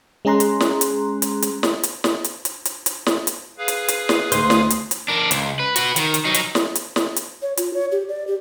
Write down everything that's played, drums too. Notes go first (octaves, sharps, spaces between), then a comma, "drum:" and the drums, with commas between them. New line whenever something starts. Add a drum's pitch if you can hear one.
G#3 C#4 G#4 A#5 C6 F#6
drum: hi-hat
drum: snare
drum: hi-hat
drum: hi-hat
drum: hi-hat
drum: snare
drum: hi-hat
drum: snare
drum: hi-hat
drum: hi-hat
drum: hi-hat
drum: hi-hat
drum: snare
drum: hi-hat
G#4 B4 F5
drum: hi-hat
drum: hi-hat
drum: snare
D2 C5, drum: hi-hat
drum: snare
drum: hi-hat
drum: hi-hat
D4 A#4
C#2, drum: hi-hat
B4
F#4 B4, drum: hi-hat
D#3, drum: hi-hat
drum: hi-hat
F#3 D#4
drum: hi-hat
drum: snare
drum: hi-hat
drum: snare
drum: hi-hat
C#5
F4, drum: hi-hat
C#5
G4
D5
G4